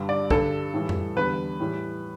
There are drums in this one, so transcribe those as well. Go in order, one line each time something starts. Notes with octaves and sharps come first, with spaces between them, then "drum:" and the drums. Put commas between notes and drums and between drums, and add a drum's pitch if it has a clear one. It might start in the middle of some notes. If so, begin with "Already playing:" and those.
Already playing: G2 D3 G3
D5
G2 D3 G3 A4, drum: kick
A2 E3 G3
drum: tom F2
E2 D3 G3 B4
A2 E3 G3